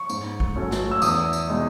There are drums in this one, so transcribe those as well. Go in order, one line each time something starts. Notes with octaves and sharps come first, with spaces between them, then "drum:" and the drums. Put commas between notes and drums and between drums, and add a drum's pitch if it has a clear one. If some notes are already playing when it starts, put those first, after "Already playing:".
Already playing: C#6
G#2, drum: tambourine
drum: kick A1
F#3 A3 C#4
drum: snare
E6
E2 D#6, drum: tambourine
drum: tambourine
B2 G#3 D#4